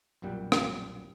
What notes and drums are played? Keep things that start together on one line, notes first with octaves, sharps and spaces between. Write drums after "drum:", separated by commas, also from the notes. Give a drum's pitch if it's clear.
B1 F#2 A#2 G3 F#5 G5
drum: rim click